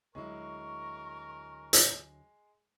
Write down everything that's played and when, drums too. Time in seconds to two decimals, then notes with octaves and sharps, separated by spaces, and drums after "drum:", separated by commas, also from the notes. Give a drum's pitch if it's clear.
0.15 D2 F#3 G#3 E4 A#4 C#6
1.73 drum: hi-hat